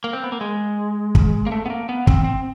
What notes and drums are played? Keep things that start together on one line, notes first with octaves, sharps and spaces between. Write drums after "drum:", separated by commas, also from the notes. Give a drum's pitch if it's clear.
A#3
C4
B3
A#3
G#3
drum: kick
A#3
A3
B3
A#3
B3
C4, drum: kick
C4